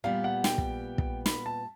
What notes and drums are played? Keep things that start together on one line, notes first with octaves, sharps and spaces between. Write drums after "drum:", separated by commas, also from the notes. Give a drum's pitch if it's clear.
A#2 G3 B3 F5
F#5
G5, drum: snare
drum: kick
drum: kick
B5, drum: snare
A5